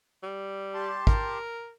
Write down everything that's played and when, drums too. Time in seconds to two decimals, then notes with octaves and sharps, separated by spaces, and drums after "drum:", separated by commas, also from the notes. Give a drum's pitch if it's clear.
0.23 G3
0.74 G4 A5 C6
1.07 A#4, drum: kick